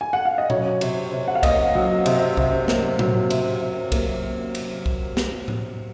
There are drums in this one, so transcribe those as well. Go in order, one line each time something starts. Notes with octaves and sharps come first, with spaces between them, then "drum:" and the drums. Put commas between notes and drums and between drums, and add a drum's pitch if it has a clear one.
G#5
F#5
F5
D#5
F#3 C#5, drum: tom A#2
C3, drum: cymbal
C3
F#5
F5
A#3 D#5, drum: kick C2, cymbal
F#3
C3, drum: cymbal
C3, drum: kick C2
A#3, drum: snare
F#3, drum: tom A2
C3, drum: cymbal
C3
A#3, drum: kick C2, cymbal
drum: cymbal
drum: kick C2
drum: snare
drum: tom A2